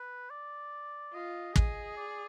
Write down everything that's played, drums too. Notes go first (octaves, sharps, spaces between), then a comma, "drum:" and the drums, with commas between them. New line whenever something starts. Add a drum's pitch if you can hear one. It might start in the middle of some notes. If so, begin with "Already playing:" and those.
Already playing: B4
D5
F4 D#5
G#4, drum: kick
D5